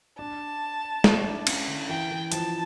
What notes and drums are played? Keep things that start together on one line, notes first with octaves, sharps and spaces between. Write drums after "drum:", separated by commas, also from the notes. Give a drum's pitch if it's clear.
D4 A5
E4, drum: snare
D4
C#4, drum: cymbal
D3
E3 G5
E3
F3 A5, drum: hi-hat